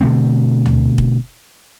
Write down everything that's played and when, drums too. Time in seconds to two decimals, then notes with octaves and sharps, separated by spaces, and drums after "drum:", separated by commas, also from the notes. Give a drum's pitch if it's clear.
0.01 B2 D3 A3 C4
0.66 drum: tom D2
0.98 drum: kick